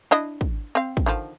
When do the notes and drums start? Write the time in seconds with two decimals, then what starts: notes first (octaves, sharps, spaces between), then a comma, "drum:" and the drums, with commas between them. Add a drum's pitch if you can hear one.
0.11 D4 E4 D#5
0.41 drum: kick
0.75 C4 F5
0.97 drum: kick
1.06 D3 D#3 F3